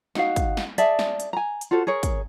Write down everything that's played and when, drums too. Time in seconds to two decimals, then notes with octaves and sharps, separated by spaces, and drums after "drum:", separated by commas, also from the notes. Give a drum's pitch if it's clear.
0.15 D#4 F#4 F5, drum: snare
0.36 drum: kick, hi-hat
0.57 drum: snare
0.78 G#4 D5 E5 A5, drum: hi-hat
0.99 drum: snare
1.20 drum: hi-hat
1.33 G#5 A#5
1.61 drum: hi-hat
1.71 F4 F#4 A4 C5
1.87 G#4 A#4 C#5
2.03 drum: kick, hi-hat